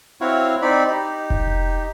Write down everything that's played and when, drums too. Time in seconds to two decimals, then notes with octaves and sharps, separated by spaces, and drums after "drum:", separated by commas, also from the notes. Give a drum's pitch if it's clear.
0.21 C4 E4 F#4 C#5 F5
0.62 C4 D#4 D5 B5
0.87 D#4 G4
1.30 drum: kick F1